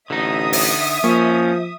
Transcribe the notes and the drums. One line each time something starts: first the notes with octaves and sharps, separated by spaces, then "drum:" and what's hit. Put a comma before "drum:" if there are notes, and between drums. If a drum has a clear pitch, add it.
A1 D3 D#4 E5 D#6
drum: open hi-hat
F3 A#3 C#4